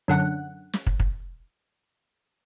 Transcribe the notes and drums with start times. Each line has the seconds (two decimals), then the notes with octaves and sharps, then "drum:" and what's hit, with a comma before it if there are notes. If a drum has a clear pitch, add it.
0.08 F#2 D3 F#5
0.73 drum: snare
0.87 drum: kick
1.00 drum: kick